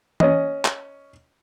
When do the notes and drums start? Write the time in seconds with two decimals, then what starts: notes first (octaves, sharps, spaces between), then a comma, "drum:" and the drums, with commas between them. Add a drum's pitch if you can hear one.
0.20 C#4 D#5, drum: tom E3
0.65 drum: clap